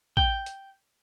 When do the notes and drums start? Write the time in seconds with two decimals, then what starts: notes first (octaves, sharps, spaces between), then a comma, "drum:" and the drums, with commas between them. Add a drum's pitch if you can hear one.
0.17 G5, drum: kick
0.46 drum: hi-hat